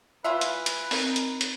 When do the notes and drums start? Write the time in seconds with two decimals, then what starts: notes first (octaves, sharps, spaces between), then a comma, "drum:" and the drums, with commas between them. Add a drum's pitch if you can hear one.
0.24 E3 F4 B4 E5
0.41 drum: hi-hat
0.66 drum: hi-hat
0.91 C4 D#4 A#4, drum: open hi-hat
1.16 drum: hi-hat
1.41 drum: hi-hat